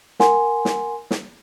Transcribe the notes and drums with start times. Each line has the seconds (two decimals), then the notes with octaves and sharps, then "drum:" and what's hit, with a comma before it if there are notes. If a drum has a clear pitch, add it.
0.20 A#4 F#5 G#5 C6, drum: snare
0.65 drum: snare
1.11 drum: snare